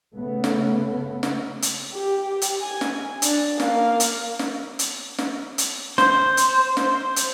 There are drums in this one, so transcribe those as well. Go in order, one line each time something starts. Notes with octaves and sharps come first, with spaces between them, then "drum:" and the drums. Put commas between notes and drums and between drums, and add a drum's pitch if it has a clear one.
C#3 A3 B3
drum: snare
drum: snare
drum: hi-hat
G4
drum: hi-hat
G#5
drum: snare
D4, drum: hi-hat
A#3 F5, drum: snare
drum: hi-hat
drum: snare
drum: hi-hat
drum: snare
drum: hi-hat
C5, drum: snare
drum: hi-hat
drum: snare
drum: hi-hat